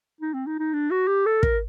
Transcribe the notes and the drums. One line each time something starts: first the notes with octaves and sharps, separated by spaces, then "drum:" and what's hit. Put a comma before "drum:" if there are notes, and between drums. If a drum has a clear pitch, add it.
D#4
C4
D#4
D#4
D4
F#4
G4
A4
A#4, drum: kick